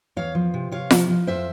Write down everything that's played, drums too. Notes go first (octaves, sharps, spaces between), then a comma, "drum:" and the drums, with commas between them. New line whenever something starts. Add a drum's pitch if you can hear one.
E2 C#5 F5
F3
C3
C3 C#5 F5
F3, drum: snare F4
F3
F2 C5 E5